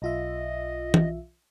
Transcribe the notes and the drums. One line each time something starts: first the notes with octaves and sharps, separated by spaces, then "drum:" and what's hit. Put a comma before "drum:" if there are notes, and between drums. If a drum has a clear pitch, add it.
B1 F4 D#5 E5
drum: tom